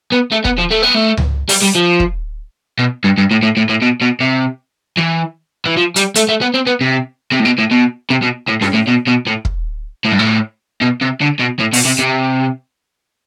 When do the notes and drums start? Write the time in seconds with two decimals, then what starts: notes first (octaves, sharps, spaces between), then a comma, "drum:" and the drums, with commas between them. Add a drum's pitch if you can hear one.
0.12 B3
0.32 A3
0.45 B3, drum: kick
0.59 F3
0.71 A3
0.83 B3
0.95 A3
1.17 drum: tom C#2
1.49 G3, drum: open hi-hat
1.62 G3
1.75 F3
2.00 drum: kick
2.79 B2
3.04 G2
3.18 G2
3.31 A2
3.43 A2
3.57 A2
3.69 A2
3.82 B2
4.01 B2
4.20 C3
4.98 E3
5.66 E3
5.77 F3
5.96 G3, drum: hi-hat
6.16 A3, drum: hi-hat
6.29 A3
6.41 B3
6.54 C4
6.67 B3
6.81 C3
7.32 C3
7.39 A2
7.45 B2
7.58 A2
7.71 B2
8.10 C3
8.22 B2
8.48 A2
8.62 G2, drum: snare C#4
8.74 A2
8.88 B2
9.08 B2
9.27 A2
9.45 drum: kick
10.05 A2
10.12 G2
10.19 A2
10.81 B2
11.01 C3
11.21 D3
11.40 B2
11.60 A2
11.73 B2, drum: open hi-hat
11.86 C3
11.99 C3